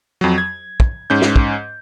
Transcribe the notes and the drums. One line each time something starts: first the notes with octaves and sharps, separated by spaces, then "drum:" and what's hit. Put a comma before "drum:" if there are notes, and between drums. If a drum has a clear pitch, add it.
F2 F#3
G#6
drum: kick
G#2 C#4 G6
drum: snare
drum: kick